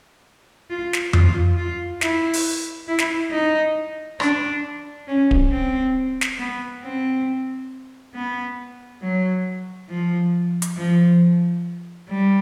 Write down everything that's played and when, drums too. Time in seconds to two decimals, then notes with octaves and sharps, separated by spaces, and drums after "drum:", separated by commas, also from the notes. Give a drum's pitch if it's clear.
0.70 F4
0.93 drum: snare
1.13 F4, drum: tom F2
1.57 F4
2.01 E4, drum: snare
2.33 drum: open hi-hat
2.88 E4
2.99 drum: snare
3.32 D#4
4.20 D4, drum: rim click
5.08 C#4
5.31 drum: kick D1
5.52 C4
6.21 drum: snare
6.39 B3
6.84 C4
8.15 B3
9.02 F#3
9.89 F3
10.62 drum: hi-hat
10.77 F3
12.09 G3